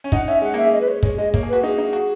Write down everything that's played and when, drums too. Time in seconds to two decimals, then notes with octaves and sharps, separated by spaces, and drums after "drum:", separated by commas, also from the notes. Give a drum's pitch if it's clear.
0.04 C#4
0.12 D#4 F#5, drum: kick
0.27 C#4 E5
0.42 G#3 F#5
0.54 A#3 E5
0.65 G#3
0.72 D#5
0.80 B4
0.88 C#5
1.03 G#3 C#5, drum: kick
1.18 G#3 D#5
1.34 A#3 C#5, drum: kick
1.43 G#4
1.48 F#4 B4
1.63 D#4 G#4
1.78 D#4
1.93 F#4